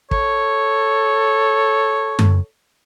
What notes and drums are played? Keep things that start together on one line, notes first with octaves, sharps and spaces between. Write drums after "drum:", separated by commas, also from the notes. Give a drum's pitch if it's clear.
A4 C#5, drum: kick
drum: tom F#2